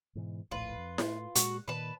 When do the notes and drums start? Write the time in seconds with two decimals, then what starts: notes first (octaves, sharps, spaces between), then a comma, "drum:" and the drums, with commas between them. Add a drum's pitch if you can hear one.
0.15 G#2 B2 E3
0.51 D1 A#1 A2 F4 B4
0.78 F2
0.98 A2, drum: snare E4
1.35 A#2 G#3 F#4, drum: hi-hat
1.68 A#2 D#3 B4 A5